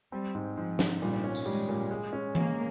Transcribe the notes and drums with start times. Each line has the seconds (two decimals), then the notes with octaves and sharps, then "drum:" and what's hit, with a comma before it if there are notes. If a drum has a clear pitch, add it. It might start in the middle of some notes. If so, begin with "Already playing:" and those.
0.12 G3 C4
0.35 G#2
0.57 G#2 F3
0.79 G#2, drum: snare
1.02 A#2 G3
1.24 C#4
1.35 drum: tambourine
1.46 G3 G#3
1.69 A#2
1.91 G#3
2.13 C#4
2.35 G#3 A#3, drum: tom E3